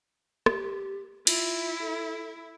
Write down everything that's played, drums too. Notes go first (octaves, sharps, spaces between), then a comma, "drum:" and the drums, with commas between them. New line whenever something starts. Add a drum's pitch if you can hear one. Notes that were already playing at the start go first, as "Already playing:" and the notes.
G4, drum: rim click
E4 F4, drum: cymbal
A4